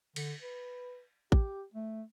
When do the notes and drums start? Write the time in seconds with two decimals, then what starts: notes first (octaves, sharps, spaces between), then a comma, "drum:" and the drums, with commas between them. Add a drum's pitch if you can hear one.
0.16 D3, drum: cymbal
0.42 B4
1.32 G4, drum: kick A1
1.74 A3